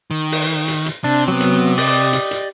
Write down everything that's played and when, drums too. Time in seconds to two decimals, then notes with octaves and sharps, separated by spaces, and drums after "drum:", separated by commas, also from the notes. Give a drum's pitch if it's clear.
0.11 D#3
0.32 drum: open hi-hat
0.68 drum: hi-hat
0.86 drum: hi-hat
1.04 C3 D4
1.28 F#3 B3
1.40 drum: hi-hat
1.78 G4 D5 D#5, drum: open hi-hat
2.13 drum: hi-hat
2.31 drum: hi-hat